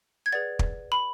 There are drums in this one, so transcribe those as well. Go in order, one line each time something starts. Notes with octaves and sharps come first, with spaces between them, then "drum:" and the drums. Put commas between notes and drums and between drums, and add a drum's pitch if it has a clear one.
G#6
G#4 B4 D5 F#5 A6
drum: kick
B5